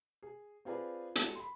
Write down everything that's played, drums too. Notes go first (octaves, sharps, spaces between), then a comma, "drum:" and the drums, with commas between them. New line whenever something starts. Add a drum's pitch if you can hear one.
G#4
C4 F4 G#4 B4 D5 F5
G#3 F#4 G4 A4, drum: hi-hat
B5 C6